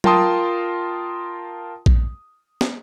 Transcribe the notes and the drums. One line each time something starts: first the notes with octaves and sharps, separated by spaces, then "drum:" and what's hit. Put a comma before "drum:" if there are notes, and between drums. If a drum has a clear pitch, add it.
F4 A#4 G5 A5 C6 D#6, drum: tom F#3
drum: kick A#1
drum: snare